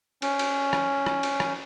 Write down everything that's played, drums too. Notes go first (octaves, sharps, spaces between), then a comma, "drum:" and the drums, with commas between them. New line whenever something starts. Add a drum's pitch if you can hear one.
C#4, drum: cymbal
drum: cymbal
drum: rim click
drum: rim click
drum: cymbal
drum: rim click